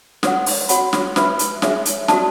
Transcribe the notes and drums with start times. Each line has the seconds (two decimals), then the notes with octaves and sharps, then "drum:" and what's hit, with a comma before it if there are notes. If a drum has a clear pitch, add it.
0.23 A4 C#5 F#5, drum: snare
0.46 drum: open hi-hat
0.69 F#4 C#5 F#5 B5, drum: hi-hat
0.93 drum: snare
1.16 B4 E5 B5, drum: snare
1.39 drum: hi-hat
1.62 G#4 C#5 E5 G#5, drum: snare
1.85 drum: hi-hat
2.08 F#4 A4 D5 A5, drum: snare